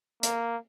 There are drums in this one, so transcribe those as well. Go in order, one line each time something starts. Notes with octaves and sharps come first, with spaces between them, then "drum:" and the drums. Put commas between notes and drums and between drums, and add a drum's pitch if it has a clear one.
A#3, drum: hi-hat